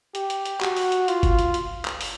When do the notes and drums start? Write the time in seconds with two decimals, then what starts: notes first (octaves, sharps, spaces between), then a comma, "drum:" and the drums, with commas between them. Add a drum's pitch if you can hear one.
0.15 G4, drum: hi-hat
0.30 drum: hi-hat
0.46 drum: hi-hat
0.61 F#4, drum: clap
0.77 drum: open hi-hat
0.92 drum: hi-hat
1.08 F4, drum: hi-hat
1.23 drum: kick G1, hi-hat
1.39 drum: hi-hat
1.54 drum: hi-hat
1.85 drum: clap
2.01 drum: open hi-hat